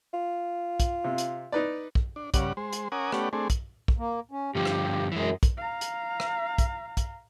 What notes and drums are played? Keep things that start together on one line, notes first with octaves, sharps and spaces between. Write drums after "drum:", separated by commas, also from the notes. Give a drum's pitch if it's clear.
F4
drum: kick, hi-hat
C3
drum: hi-hat
D#4 B4 D5
drum: kick
D4
G2 C#3 D5 F#5, drum: kick, hi-hat
G#3 C5
drum: hi-hat
C#4 A#4 F#5 G#5 D6 D#6
A3 B3 C#4 G4 D5 F#5, drum: rim click
A3 C4 D4 G#4
drum: kick, hi-hat
drum: kick
A#3
C#4
G2 D3 F3 G4
drum: rim click
F#2 E3 G#3
drum: kick, hi-hat
F5 A#5
drum: hi-hat
drum: rim click
drum: kick, hi-hat
drum: kick, hi-hat